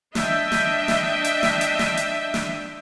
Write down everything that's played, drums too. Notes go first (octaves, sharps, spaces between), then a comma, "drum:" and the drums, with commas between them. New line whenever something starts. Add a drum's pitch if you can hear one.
D4 D#5 E5 G5, drum: snare
drum: snare
drum: snare
drum: hi-hat
drum: snare
drum: hi-hat
drum: snare
drum: hi-hat
drum: snare